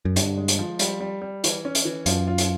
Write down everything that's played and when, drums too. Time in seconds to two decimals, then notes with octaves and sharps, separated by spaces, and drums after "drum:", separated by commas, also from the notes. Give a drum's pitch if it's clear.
0.05 F#2
0.16 G2 D3, drum: hi-hat
0.38 G#3
0.48 drum: hi-hat
0.59 F3
0.79 G3, drum: hi-hat
1.00 G3
1.21 G3
1.44 E3, drum: hi-hat
1.65 C#4
1.75 drum: hi-hat
1.85 E3
2.06 F#2 F4, drum: hi-hat
2.27 F4
2.38 drum: hi-hat